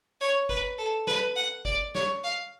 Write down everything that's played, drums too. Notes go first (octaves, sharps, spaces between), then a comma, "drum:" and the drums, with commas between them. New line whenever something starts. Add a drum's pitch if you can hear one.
C#5
B4, drum: kick G1
A4
B4, drum: snare
F#5
D5, drum: kick G1
C#5, drum: snare
F5